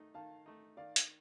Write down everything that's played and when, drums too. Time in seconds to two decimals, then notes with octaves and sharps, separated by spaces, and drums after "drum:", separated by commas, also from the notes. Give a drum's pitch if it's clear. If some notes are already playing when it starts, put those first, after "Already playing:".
Already playing: D#3 A3 D#4
0.14 D#3 F5 A5
0.46 A3 D#4
0.77 D#3 D5 F5
0.96 drum: hi-hat